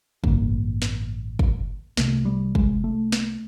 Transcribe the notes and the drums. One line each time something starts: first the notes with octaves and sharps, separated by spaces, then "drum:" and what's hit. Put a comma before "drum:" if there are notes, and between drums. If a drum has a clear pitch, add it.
A1 G2 D3 A#3, drum: kick
drum: snare
drum: kick
C2 C3 A3, drum: snare
G3
G#3, drum: kick
A3
drum: snare